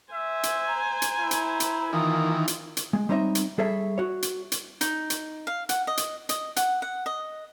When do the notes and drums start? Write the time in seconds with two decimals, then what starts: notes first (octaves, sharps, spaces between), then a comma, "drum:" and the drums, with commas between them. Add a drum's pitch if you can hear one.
0.13 C5 E5 G#5
0.43 drum: hi-hat
0.67 A#5
1.02 drum: hi-hat
1.20 E4
1.31 drum: hi-hat
1.60 drum: hi-hat
1.93 D#3 E3 A#3 F4 D#6
2.48 drum: hi-hat
2.77 drum: hi-hat
2.93 G#3
3.09 G3 C4 D#4 C#5 D#5 E5
3.35 drum: hi-hat
3.58 G3 G#4 A4 C#5 E5
3.98 F#4 C#5
4.22 drum: hi-hat
4.52 drum: hi-hat
4.81 D#4, drum: hi-hat
5.10 drum: hi-hat
5.47 F5
5.69 F#5, drum: hi-hat
5.87 D#5
5.97 drum: hi-hat
6.29 D#5, drum: hi-hat
6.56 F#5, drum: hi-hat
6.82 F#5
7.06 D#5